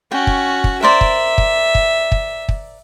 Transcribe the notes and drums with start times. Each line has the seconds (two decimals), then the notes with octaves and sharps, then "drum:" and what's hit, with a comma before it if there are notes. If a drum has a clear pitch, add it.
0.12 C#4 F#4 G5
0.27 drum: kick
0.64 drum: kick
0.82 A#4 C5 D5 E5
1.01 drum: kick
1.38 drum: kick
1.75 drum: kick
2.12 drum: kick
2.49 drum: kick